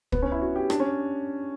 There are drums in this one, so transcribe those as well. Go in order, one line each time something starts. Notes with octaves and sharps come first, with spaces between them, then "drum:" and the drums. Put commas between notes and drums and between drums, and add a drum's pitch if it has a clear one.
B3, drum: kick
C#4
E4
F#4
G4
D4, drum: rim click
C#4